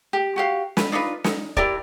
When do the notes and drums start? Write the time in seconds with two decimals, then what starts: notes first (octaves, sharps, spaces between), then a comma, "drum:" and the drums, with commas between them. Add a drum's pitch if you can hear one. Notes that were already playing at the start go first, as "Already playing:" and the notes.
0.13 G4
0.36 F#4 G4 F5
0.77 B4, drum: snare
0.92 D4 D#4 F4 B4
1.24 D#4, drum: snare
1.57 E4 G4 A#4 D5, drum: kick